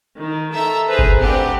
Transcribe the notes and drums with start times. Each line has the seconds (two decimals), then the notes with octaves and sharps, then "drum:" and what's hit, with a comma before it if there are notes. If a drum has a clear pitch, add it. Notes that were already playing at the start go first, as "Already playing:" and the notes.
0.18 D#3
0.53 A4 E5 A#5 E6
0.88 G#4 B4 C5 A#5
0.99 drum: kick G1
1.19 A3 C4 D4 G4 F#5